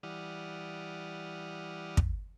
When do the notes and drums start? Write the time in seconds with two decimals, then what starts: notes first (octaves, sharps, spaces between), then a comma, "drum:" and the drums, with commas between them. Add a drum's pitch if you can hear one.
0.03 E3 G3 D5 F#5 D#6 F6
1.97 drum: kick